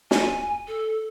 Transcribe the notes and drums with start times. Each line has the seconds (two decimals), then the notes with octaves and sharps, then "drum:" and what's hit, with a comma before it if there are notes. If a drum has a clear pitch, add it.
0.11 G#5, drum: snare
0.68 A4